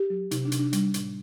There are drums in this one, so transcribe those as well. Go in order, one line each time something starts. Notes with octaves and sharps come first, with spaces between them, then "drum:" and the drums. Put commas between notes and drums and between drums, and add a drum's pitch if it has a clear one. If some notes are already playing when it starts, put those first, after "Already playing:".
Already playing: G4
F#3
C3 D#4, drum: hi-hat
D4
C3, drum: hi-hat
D4
G3, drum: hi-hat
A2, drum: hi-hat